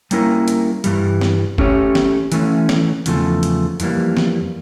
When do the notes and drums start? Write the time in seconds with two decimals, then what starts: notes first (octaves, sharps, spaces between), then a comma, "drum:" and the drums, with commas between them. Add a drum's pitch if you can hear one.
0.11 G3 A#3 C#4 E4 A#4, drum: hi-hat
0.48 drum: hi-hat
0.84 G2 E3 G3, drum: hi-hat
1.21 drum: snare
1.58 A3 C#4 G4 C#5, drum: kick F#1
1.95 drum: snare
2.32 E3 A3 C#4, drum: hi-hat
2.69 drum: snare
3.06 E2 C#3 F3 A3, drum: hi-hat
3.43 drum: hi-hat
3.80 F2 E3 G3 A#3, drum: hi-hat
4.17 drum: snare